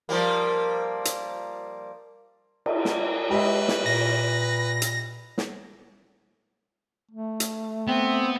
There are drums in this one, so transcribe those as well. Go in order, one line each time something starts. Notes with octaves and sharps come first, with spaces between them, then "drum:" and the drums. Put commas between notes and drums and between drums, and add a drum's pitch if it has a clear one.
F3 G3 A#3
drum: hi-hat
drum: cymbal
drum: snare
G#3 G4 B4 D#5 E5
drum: snare
A#2 A#6
drum: hi-hat
drum: snare
A3
drum: hi-hat
B3 C4